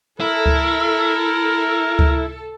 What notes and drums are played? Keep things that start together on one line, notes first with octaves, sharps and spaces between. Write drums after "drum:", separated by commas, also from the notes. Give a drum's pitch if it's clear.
E4 A4 A#4
drum: kick C#2
drum: kick C#2